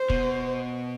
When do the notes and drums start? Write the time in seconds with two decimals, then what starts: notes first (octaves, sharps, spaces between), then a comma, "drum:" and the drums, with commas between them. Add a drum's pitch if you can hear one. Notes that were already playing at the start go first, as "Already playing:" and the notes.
Already playing: C5
0.10 B2, drum: kick